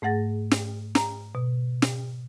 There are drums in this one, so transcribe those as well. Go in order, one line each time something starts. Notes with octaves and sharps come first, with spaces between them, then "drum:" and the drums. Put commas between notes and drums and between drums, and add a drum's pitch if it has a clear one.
G#2 A3 G#4 F#5 A6 A#6
drum: snare
A#5, drum: snare
B2
drum: snare